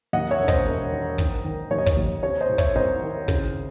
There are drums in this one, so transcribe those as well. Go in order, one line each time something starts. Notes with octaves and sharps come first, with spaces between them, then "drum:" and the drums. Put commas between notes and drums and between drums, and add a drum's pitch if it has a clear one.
D#2 D#5 F#5
C#5 E5
E1
C5 D#5, drum: kick
E1
D#3
D#3, drum: kick
D#3
D#2 C#5
D#5
C#5, drum: kick
D#2
C3 C#5
C5 D#5
C2
C#5 E5, drum: kick
C2 C5 D#5
D#3
C#3, drum: kick